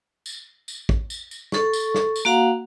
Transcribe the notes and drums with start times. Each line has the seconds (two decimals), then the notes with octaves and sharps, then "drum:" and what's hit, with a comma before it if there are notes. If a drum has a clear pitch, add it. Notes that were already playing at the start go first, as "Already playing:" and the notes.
0.26 drum: tambourine
0.68 drum: tambourine
0.89 drum: kick
1.10 drum: tambourine
1.31 drum: tambourine
1.52 A4 C#6, drum: snare
1.73 drum: tambourine
1.95 drum: snare
2.16 drum: tambourine
2.25 A#3 F#4 F5 F#5 A#5